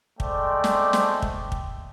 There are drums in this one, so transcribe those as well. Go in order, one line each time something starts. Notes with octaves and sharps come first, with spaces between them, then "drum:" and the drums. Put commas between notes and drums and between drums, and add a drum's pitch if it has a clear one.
G#3 A3 C5 D5 G5, drum: kick
drum: snare
drum: snare
drum: kick
drum: kick